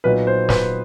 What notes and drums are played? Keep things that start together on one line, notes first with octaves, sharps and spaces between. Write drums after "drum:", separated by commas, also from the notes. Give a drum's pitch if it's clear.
A#2 F#3 B3 D#4 B4
C5
B4, drum: snare